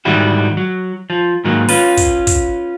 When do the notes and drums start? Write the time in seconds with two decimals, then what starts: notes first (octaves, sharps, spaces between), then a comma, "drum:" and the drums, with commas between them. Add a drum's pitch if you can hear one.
0.05 G#2 D3 D#3 G3 E4 F#4
0.57 F#3
1.10 F3
1.44 G#2 D#3 F#3 A#3
1.69 C#4 F4 B4, drum: open hi-hat
1.97 drum: kick, hi-hat
2.27 drum: kick, hi-hat